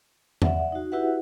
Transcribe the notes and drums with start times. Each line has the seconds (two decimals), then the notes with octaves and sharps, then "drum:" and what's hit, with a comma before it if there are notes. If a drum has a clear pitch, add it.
0.42 D5 E5 F#5, drum: tom E2
0.72 D#4 F#4
0.92 E4 F#4 G4 B4 E5 F#5